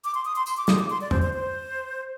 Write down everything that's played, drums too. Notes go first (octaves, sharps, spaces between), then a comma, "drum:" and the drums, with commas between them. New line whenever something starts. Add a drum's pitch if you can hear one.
D6
C6
D#6
C6
C6, drum: tambourine
D6
D#6, drum: snare
D6
C6
D5
C5, drum: tom E2
C5
C5